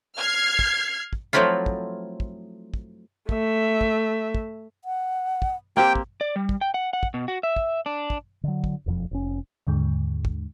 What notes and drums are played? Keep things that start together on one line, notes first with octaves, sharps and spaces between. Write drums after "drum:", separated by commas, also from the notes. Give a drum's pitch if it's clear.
F6 G#6 C7
drum: kick
drum: kick
F3 F#3 A3 C4 E4 F4
drum: kick
drum: kick
drum: kick
A3 E5, drum: kick
drum: kick
drum: kick
F#5
drum: kick
A#3 C4 G4 G5
drum: kick
D5
G3
drum: kick
G5
F#5
F#5
drum: kick
B2
F#4
E5
drum: kick
D4
drum: kick
D3 F#3
drum: kick
E1 F2 E3 F3
F1 C#4
D#2 G#2 D3 G#3
drum: kick